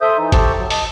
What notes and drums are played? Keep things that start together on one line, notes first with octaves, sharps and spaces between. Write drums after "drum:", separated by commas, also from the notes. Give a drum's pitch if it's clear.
A4 C5 E5 D#6 G6
E3 D#4
G4 A4 C5 A5 C#6, drum: kick, hi-hat
F#3
D#5 A5, drum: open hi-hat